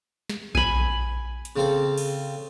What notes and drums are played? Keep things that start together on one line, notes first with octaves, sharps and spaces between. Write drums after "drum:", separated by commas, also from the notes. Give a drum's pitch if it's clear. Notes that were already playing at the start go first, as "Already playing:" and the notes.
drum: snare
G#5 B5, drum: kick A#1
drum: hi-hat
C#3 C4 A4
drum: cymbal